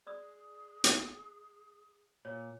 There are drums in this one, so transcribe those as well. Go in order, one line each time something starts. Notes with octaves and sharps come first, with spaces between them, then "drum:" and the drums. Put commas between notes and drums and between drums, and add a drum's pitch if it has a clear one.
G#4 D5 D#6
drum: hi-hat
A#2 C#5